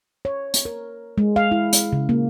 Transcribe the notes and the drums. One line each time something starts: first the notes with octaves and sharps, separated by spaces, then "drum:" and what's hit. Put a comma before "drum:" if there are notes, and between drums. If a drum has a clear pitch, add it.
C#5
drum: hi-hat
A#4
G#3
F5
E4
drum: hi-hat
C#3
A#3